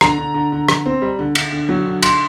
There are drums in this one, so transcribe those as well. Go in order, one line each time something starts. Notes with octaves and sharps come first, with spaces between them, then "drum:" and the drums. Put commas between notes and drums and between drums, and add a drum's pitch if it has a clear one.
D3 A#5, drum: rim click
D3
D3
D3
D3, drum: rim click
C4
G3
D3
D3, drum: cymbal
D3
F#3
D3
C6, drum: cymbal